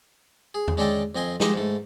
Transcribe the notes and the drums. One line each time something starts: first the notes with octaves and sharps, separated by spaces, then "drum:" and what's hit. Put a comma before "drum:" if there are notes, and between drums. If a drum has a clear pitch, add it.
G#4
drum: tom E2
G#3 C#4 D4 A4 D#5 G5
F2 C4 D#5 G#5 C6
F3 G#3 G4 C5 D#5, drum: snare
G#2 A3